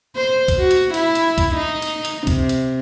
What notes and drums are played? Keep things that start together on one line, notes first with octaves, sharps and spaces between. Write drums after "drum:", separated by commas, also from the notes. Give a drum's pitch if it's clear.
C5
drum: kick C2, hi-hat
F#4
drum: hi-hat
E4, drum: hi-hat
drum: hi-hat
drum: kick C2, hi-hat
D#4
drum: hi-hat
drum: hi-hat
C3, drum: kick C2, hi-hat
drum: hi-hat